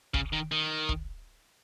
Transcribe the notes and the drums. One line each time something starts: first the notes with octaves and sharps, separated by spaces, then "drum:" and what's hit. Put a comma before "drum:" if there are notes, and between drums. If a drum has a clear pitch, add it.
C#3, drum: kick
D#3
D#3
drum: kick